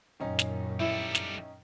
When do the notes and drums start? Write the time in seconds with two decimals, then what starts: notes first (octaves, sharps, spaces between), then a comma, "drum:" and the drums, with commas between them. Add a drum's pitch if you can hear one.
0.20 F#2 A#2 D#3 C#4 D#4
0.39 drum: snare
0.80 G3 E4 A4
1.15 drum: snare